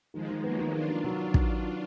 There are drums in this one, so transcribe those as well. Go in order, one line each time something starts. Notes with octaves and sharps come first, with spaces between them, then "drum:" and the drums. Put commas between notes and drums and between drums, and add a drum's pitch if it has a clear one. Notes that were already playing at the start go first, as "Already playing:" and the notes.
D#3 F3 G#3
D#3
F#3 A#3 B3
D#3
D#3 D4 F4
D#3
F#3
drum: kick